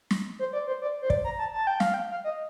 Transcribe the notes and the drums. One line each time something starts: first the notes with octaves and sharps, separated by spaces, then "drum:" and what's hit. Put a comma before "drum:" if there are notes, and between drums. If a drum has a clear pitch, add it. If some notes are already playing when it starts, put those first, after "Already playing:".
drum: snare
C5
D5
C5
D5
C5
D5, drum: kick
A#5
A5
A5
G5
F5, drum: snare
G5
F5
D#5